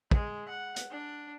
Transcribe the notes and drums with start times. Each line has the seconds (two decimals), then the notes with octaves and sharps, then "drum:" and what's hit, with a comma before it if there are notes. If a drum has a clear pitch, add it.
0.11 G#3, drum: kick
0.48 F#5
0.76 drum: hi-hat
0.91 D4